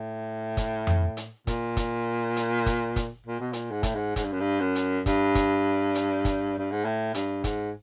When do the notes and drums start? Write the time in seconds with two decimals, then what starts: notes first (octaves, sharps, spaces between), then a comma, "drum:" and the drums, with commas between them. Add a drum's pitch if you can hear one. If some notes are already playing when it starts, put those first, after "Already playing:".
Already playing: A2
0.57 drum: kick, hi-hat
0.87 drum: tom F2
1.17 drum: hi-hat
1.47 A#2, drum: kick, hi-hat
1.77 drum: kick, hi-hat
2.36 drum: hi-hat
2.66 drum: kick, hi-hat
2.96 drum: kick, hi-hat
3.27 A#2
3.40 B2
3.53 A#2, drum: hi-hat
3.71 G#2
3.83 A2, drum: kick, hi-hat
3.95 G#2
4.16 G#2, drum: kick, hi-hat
4.24 G2
4.32 F#2
4.40 G2
4.60 F#2
4.75 drum: hi-hat
5.06 G2, drum: kick, hi-hat
5.35 drum: kick, hi-hat
5.95 drum: hi-hat
6.25 drum: kick, hi-hat
6.58 G2
6.71 G#2
6.85 A2
7.14 G2, drum: hi-hat
7.44 G#2, drum: kick, hi-hat